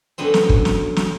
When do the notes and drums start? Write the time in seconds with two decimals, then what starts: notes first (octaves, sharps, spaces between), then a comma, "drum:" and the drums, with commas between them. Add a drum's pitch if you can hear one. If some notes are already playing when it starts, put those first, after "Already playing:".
0.18 F#2 D3 F#3 B3 C4
0.34 drum: snare
0.49 drum: kick
0.65 drum: snare
0.96 drum: snare